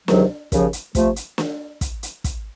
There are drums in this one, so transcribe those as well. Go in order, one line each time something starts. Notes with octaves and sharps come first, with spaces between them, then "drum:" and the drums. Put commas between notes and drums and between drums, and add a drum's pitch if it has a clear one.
C#2 C3 D#3 F#3, drum: snare
D#2 C#3 F3, drum: kick, hi-hat
drum: hi-hat
C3 F3 A3, drum: kick, hi-hat
drum: hi-hat
drum: snare
drum: kick, hi-hat
drum: hi-hat
drum: kick, hi-hat